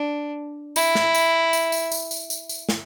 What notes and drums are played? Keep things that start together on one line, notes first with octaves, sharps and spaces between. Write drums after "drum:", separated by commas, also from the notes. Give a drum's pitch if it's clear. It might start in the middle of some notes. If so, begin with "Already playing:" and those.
Already playing: D4
E4, drum: tambourine
drum: snare
drum: tambourine
drum: tambourine
drum: tambourine
drum: tambourine
drum: tambourine
drum: tambourine
drum: tambourine
drum: snare